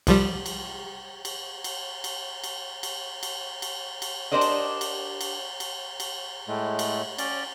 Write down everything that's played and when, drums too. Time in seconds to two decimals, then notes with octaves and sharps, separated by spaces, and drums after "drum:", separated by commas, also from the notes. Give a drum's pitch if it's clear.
0.07 C2 F3 G3, drum: cymbal
0.46 drum: cymbal
1.25 drum: cymbal
1.64 drum: cymbal
2.04 drum: cymbal
2.44 drum: cymbal
2.83 drum: cymbal
3.23 drum: cymbal
3.62 drum: cymbal
4.02 drum: cymbal
4.31 D4 G4 A#4 C5 D5 D#5
4.41 drum: cymbal
4.81 drum: cymbal
5.21 drum: cymbal
5.60 drum: cymbal
6.00 drum: cymbal
6.48 A2 G#3 A3
6.79 drum: cymbal
7.18 C#4 D5, drum: cymbal